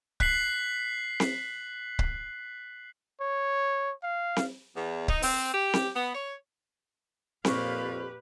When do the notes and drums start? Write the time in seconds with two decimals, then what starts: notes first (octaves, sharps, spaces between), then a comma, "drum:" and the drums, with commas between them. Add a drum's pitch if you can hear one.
0.20 F#6 B6 C7 F#7, drum: kick C#1
1.20 drum: snare C4
1.99 drum: kick C#1
3.20 C#5
4.03 F5
4.36 drum: snare C4
4.76 E2
5.08 D#4, drum: kick C#1
5.22 C4, drum: open hi-hat
5.54 G4
5.74 drum: snare C4
5.94 B3
6.14 C#5
7.45 F2 A#2 G4 B4 C5 F5 C#6, drum: snare C4